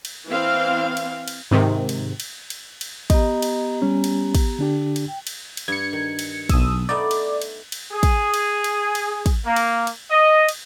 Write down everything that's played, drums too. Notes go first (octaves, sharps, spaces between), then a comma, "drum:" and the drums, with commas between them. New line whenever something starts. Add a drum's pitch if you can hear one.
drum: cymbal
E3 C4 F5
drum: cymbal
drum: cymbal
G#2 C3 D#3
drum: cymbal
drum: cymbal
drum: cymbal
drum: cymbal
B3 G4 D#5 A#5, drum: kick, cymbal
drum: cymbal
G3 C#4
drum: cymbal
drum: kick, cymbal
D3 D4 G4
drum: cymbal
G5
drum: cymbal
drum: cymbal
G2 G#6 C#7
D#3
drum: cymbal
B1 D#6 E6, drum: kick, cymbal
A3 B3 D#4 D5
drum: cymbal
drum: cymbal
drum: cymbal
G#4
drum: kick, cymbal
drum: cymbal
drum: cymbal
drum: cymbal
drum: kick, cymbal
A#3
drum: cymbal
drum: cymbal
D#5
drum: cymbal